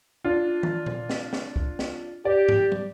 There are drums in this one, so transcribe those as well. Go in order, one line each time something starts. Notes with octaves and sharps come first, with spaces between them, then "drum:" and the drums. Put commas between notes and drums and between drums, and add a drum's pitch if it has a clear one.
D4 F4
drum: tom D#3
drum: tom A#2
drum: snare
drum: snare
drum: kick
drum: snare
G4 D5
drum: tom G#2
drum: tom